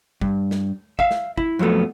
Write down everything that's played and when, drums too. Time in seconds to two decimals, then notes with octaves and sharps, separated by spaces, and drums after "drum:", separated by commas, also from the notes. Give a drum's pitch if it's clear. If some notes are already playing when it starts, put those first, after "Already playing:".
0.21 G2, drum: kick
0.51 drum: snare
0.99 E5 F5, drum: kick
1.11 drum: snare
1.37 E4, drum: kick
1.59 F2 F3 F#3 A3 B3